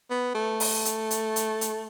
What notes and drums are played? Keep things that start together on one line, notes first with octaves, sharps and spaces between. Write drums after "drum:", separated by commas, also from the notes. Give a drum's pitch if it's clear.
B3
A3
drum: open hi-hat
drum: hi-hat
drum: hi-hat
drum: hi-hat
drum: hi-hat